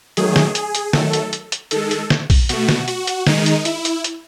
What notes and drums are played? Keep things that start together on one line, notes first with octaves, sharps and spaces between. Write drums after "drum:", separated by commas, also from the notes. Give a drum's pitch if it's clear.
D#3 F#3 A3 G#4, drum: hi-hat
drum: snare
G#4, drum: hi-hat
drum: hi-hat
D#3 F#3 A3 A4, drum: snare
drum: hi-hat
drum: hi-hat
drum: hi-hat
D#3 G#3 A4, drum: hi-hat
drum: hi-hat
drum: snare
drum: kick A#1, open hi-hat
B2 A3 F#4, drum: hi-hat
drum: snare
F#4, drum: hi-hat
drum: hi-hat
D#3 G#3 D#4, drum: snare
drum: hi-hat
E4, drum: hi-hat
drum: hi-hat
drum: hi-hat